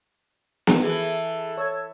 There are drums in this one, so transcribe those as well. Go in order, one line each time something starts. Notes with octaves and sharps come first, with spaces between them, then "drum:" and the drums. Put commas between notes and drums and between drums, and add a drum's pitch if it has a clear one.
drum: snare
E3 G#4 A4
A4 C#5 E6 G#6